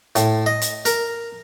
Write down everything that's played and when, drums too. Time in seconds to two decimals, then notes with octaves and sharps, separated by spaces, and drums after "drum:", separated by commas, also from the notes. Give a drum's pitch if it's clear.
0.16 A2, drum: hi-hat
0.46 D#5
0.62 drum: hi-hat
0.85 A#4, drum: hi-hat